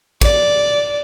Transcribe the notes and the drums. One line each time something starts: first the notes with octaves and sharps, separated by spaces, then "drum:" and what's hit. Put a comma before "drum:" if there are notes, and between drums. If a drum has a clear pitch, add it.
D5, drum: kick, cymbal